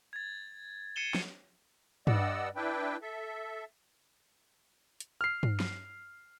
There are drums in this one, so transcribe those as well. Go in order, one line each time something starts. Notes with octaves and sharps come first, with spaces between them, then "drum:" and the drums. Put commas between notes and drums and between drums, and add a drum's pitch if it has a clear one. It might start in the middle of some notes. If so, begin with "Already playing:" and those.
G#6 A6
G#6 C7 C#7 D#7 E7 G7
drum: snare
G2 G3 D5 D#5 F#5 E6, drum: tom G2
D4 E4 B4 G5
A4 E5
drum: hi-hat
F6 C7
drum: tom G2
drum: snare